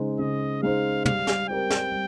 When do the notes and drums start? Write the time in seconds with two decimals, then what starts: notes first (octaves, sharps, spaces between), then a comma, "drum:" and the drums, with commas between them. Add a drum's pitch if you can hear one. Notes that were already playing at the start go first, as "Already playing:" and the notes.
Already playing: C#3 G#3 D#4 G#4 C5
0.19 C#3 D#5
0.63 G#3 D#4 G#4 C5 F5
1.05 G3 F5, drum: tom
1.27 drum: snare
1.48 C4 G4 A#4 G5
1.70 drum: snare
1.92 G3